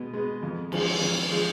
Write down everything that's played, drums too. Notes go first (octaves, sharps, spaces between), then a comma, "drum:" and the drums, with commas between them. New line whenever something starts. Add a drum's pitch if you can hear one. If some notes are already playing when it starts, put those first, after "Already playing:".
Already playing: B2 G#3 B3
G#3 B3
F2
F3 G#3, drum: cymbal
F2
F3 G#3